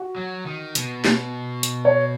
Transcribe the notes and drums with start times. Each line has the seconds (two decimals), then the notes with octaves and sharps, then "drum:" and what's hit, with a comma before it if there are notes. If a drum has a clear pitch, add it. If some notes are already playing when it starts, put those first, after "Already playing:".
Already playing: F#4
0.16 F#3
0.46 D#3
0.75 B2, drum: hi-hat
1.05 drum: snare
1.63 drum: hi-hat
1.85 C#5